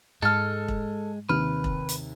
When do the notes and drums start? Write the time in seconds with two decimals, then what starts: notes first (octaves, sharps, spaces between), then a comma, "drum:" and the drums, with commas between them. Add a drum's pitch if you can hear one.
0.22 G#2 G#3 A4 A5 F6
0.68 drum: kick E1
1.29 D#2 C3 B4 F6
1.64 drum: kick E1
1.89 drum: hi-hat